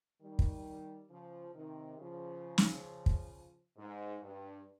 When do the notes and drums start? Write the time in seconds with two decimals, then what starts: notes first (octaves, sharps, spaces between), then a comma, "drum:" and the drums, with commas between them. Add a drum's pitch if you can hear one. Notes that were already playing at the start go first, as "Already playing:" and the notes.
0.20 D#3 G3
0.39 drum: kick
1.09 C#3 F3
1.54 C3 D#3
1.99 C#3 F3
2.58 drum: snare
3.06 drum: kick
3.77 G#2
4.22 G2